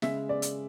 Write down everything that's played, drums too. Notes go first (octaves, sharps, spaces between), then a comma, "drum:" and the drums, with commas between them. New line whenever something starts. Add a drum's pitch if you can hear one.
C#3 G#3 E5, drum: snare
D5
drum: hi-hat